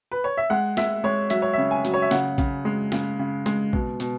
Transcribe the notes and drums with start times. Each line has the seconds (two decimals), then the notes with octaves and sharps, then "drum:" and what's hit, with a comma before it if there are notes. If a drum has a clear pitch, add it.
0.12 B4
0.24 C#5
0.37 E5
0.50 G#3 F#5
0.77 G#3 E5, drum: snare
1.04 G#3 C#5
1.30 F#3 E5, drum: hi-hat
1.42 C#5
1.53 C#3 E5
1.71 G#5
1.85 F#3, drum: hi-hat
1.94 C#5
2.02 E5
2.11 C#3 F#5, drum: snare
2.38 C#3, drum: kick, hi-hat
2.65 G#3
2.92 C#3, drum: snare
3.19 C#3
3.46 G#3, drum: hi-hat
3.73 B2, drum: kick
4.00 B2, drum: hi-hat